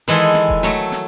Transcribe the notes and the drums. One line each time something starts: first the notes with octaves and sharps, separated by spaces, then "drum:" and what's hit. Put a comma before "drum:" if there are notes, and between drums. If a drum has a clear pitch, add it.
D#3 E3 G#3 E4 A4 C6, drum: snare
drum: snare
drum: kick E1
F#3 A3, drum: snare
drum: snare